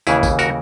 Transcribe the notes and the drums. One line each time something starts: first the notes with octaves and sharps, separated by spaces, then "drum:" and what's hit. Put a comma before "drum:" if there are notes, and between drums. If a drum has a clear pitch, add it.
D#2 C#3 E3 E4 G#4, drum: tambourine
drum: kick G#1, tambourine
F#4 A#4, drum: tambourine